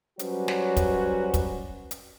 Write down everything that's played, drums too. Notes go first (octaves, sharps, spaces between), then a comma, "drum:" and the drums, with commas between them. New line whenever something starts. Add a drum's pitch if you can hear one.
F#3 G3 C#4 F#4 B4 C5, drum: hi-hat
drum: snare
drum: kick, hi-hat
drum: kick, hi-hat
drum: hi-hat